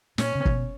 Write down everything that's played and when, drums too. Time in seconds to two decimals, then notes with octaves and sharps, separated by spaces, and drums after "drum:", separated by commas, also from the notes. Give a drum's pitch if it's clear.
0.18 A#2 C#4, drum: snare
0.35 C#3
0.45 B2, drum: kick